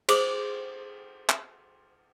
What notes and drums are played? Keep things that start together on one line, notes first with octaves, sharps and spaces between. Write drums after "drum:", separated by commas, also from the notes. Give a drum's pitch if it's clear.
G#4 C5 D6 D#6, drum: cymbal
drum: clap